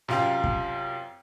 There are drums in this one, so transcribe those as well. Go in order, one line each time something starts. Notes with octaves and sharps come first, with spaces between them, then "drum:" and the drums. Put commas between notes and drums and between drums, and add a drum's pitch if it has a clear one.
F#2 C3 F4 F5 G5, drum: snare
drum: kick